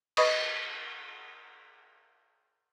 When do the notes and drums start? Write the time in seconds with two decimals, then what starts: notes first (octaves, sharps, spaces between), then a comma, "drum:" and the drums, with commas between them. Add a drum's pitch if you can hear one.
0.17 B4 D#5 B5 C#6 D#6, drum: cymbal